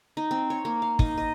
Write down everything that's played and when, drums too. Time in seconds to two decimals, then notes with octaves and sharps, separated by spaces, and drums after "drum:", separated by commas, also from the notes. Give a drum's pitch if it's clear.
0.17 D#4
0.31 C4
0.50 C#5
0.65 A#3
0.82 F5
0.99 D#4, drum: kick
1.18 D#5